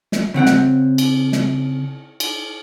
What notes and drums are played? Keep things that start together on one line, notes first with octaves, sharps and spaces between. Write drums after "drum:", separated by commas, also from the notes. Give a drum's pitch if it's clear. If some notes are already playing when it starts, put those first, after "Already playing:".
drum: snare
C#3 C4 F#5 G5
drum: snare
drum: cymbal
drum: snare
drum: cymbal